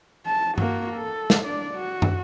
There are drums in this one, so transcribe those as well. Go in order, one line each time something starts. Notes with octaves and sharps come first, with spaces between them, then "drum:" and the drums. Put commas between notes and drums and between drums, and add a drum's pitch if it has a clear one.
A5
A#3 F#4, drum: tom G2
A4
drum: snare
D4 D5
F#4
drum: tom